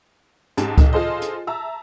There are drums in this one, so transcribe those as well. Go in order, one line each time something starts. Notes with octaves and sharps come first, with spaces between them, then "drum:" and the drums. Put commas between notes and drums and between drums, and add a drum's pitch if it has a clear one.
G#2 C#4 G4 A5, drum: hi-hat
B1 D#3, drum: kick C#2, hi-hat
F4 G#4 A4 C5 D#5
drum: hi-hat
E5 A5 A#5 E6